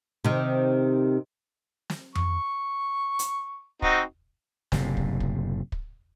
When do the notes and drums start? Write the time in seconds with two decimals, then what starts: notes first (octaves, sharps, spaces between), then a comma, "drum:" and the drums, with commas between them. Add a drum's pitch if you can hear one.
0.24 C3 D#3
1.90 drum: snare
2.15 C#6, drum: tom F2
3.19 drum: hi-hat
3.82 C4 D#4 F#4, drum: kick
4.72 F#1 A2 C3, drum: snare
4.97 drum: kick
5.20 drum: kick
5.72 drum: kick